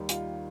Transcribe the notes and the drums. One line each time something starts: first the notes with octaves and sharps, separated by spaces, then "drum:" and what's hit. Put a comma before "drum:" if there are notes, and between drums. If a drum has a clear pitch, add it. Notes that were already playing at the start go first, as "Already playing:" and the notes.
Already playing: D#2 D#3 G3
F4, drum: hi-hat